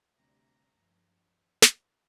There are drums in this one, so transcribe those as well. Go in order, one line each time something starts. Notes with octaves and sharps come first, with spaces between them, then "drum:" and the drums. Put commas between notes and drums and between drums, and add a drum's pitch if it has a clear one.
D2 C3 G3 A#5
G2 F3
drum: snare